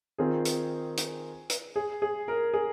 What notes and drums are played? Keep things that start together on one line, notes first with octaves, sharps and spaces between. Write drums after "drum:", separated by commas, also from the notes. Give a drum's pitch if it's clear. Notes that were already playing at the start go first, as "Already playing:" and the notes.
D#3 C4 F4 G#4
drum: hi-hat
drum: hi-hat
drum: hi-hat
G#4
G#4
A#4
G#4